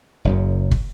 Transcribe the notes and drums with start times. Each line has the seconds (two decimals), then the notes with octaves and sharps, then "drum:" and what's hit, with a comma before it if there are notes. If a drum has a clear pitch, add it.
0.25 F#1 F#2 C#3
0.71 drum: kick